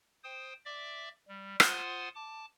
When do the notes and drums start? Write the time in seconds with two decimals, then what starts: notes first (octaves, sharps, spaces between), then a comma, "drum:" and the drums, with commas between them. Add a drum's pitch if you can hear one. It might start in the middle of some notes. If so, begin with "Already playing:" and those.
0.24 C5 G5 D#6
0.66 D5 E5 D6
1.28 G3
1.60 F4 C5 F#5 G#5 C6 D#6, drum: rim click
2.15 A5 D6